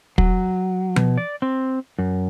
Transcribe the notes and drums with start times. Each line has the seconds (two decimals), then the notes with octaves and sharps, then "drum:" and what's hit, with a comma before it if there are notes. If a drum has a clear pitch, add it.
0.18 F#3, drum: kick
0.96 B2, drum: tom F3
1.18 D5
1.42 C4
1.99 F#2